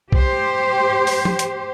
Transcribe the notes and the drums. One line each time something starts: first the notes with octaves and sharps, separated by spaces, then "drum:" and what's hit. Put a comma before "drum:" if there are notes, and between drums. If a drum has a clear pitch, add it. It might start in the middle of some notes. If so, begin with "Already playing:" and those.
G4 C5, drum: kick B1
drum: open hi-hat
drum: tom F3
drum: hi-hat